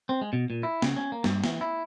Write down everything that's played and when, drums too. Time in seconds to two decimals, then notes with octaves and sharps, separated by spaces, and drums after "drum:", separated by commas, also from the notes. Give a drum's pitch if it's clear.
0.09 C4
0.21 G#3
0.33 B2
0.50 A#2
0.63 E4
0.82 C#3, drum: snare
0.96 C#4
1.12 A#3
1.24 G2, drum: snare
1.44 E3, drum: snare
1.61 E4